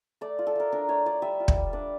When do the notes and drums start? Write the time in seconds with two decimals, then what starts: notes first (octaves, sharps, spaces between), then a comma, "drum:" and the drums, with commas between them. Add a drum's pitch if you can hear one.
0.21 A3 D5
0.39 F4
0.47 A4
0.56 A3 A#4
0.72 D4 A#4
0.89 A3 C#5
1.06 F4 D5
1.22 G3 E5
1.40 F4
1.48 E5, drum: kick
1.56 G3
1.73 D4 D5